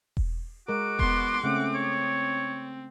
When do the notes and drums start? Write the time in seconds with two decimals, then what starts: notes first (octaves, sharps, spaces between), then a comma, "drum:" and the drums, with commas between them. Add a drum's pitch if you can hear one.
0.17 drum: kick E1
0.68 G#3 F#4 A#4 D6
0.99 B3 C6, drum: kick E1
1.43 C#3 A3 C4 C#4 F#5
1.75 C#5